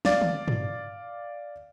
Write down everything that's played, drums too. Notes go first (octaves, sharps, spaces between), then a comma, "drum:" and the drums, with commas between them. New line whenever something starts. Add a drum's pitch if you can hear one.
D5 F5, drum: snare
drum: tom
drum: tom